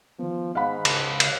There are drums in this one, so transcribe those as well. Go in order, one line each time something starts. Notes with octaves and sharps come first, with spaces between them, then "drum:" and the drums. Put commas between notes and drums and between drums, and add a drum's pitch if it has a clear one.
D#3 F3 B3
G#2 F5 F#5 B5
C#2 A5, drum: cymbal
drum: cymbal